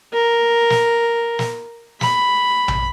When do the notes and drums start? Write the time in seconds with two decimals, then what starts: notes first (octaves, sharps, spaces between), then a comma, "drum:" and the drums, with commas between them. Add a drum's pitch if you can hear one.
0.13 A#4
0.70 drum: snare
1.39 drum: snare
2.01 B5, drum: snare
2.68 drum: tom A#1